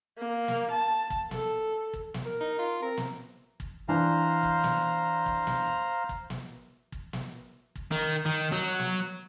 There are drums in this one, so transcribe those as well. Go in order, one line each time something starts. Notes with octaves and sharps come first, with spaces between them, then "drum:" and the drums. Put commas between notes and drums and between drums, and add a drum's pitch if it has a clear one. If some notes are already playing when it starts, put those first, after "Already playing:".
A#3
drum: snare
A5
drum: kick
A4, drum: snare
drum: kick
drum: snare
A#4
D#4
F4
C4 A#4
drum: snare
drum: kick
E3 D4 C5 F5 A#5
drum: kick
drum: snare
drum: kick
drum: snare
drum: kick
drum: snare
drum: kick
drum: snare
drum: kick
D#3
D#3
F#3
drum: snare